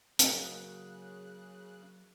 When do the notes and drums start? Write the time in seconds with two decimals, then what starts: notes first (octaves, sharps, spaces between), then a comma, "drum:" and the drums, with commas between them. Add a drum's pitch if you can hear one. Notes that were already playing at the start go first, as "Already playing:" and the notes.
0.19 C#3 F#3 A#3 F#6, drum: hi-hat